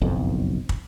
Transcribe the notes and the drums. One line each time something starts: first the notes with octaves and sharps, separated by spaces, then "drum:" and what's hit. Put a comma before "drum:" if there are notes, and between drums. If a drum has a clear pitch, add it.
F#1 B1 F2
drum: kick